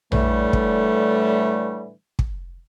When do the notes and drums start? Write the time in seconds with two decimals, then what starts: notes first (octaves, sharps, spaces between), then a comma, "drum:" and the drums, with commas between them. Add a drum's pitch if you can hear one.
0.12 A2 D3 E3 G3 A3, drum: tom A#1
0.53 drum: kick
2.19 drum: kick